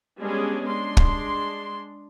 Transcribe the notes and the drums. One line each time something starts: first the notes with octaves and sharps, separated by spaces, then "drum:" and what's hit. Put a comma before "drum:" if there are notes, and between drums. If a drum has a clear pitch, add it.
G3 G#3 B3 C#4 D4 G#4
G#3 D4 C6
drum: kick